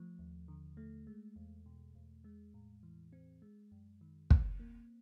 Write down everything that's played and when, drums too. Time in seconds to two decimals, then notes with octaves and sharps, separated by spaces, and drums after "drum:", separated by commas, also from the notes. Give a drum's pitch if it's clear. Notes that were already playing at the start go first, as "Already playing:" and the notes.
Already playing: F3 A3
0.19 D#2
0.48 D3
0.77 A3
1.07 G#3
1.36 E2
1.66 B2
1.95 E2
2.24 G#3
2.54 A2
2.83 E3
3.13 C4
3.42 G#3
3.72 F#2
4.01 D#3
4.30 C4, drum: kick
4.59 A#3